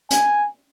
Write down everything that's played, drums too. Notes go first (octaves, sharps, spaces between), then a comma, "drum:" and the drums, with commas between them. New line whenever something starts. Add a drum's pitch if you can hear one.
G#5, drum: hi-hat